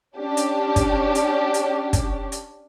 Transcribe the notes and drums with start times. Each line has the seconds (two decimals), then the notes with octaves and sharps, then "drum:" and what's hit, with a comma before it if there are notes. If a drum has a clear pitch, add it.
0.17 C#4 D4 G4
0.37 drum: hi-hat
0.76 drum: kick, hi-hat
1.15 drum: hi-hat
1.54 drum: hi-hat
1.93 drum: kick, hi-hat
2.32 drum: hi-hat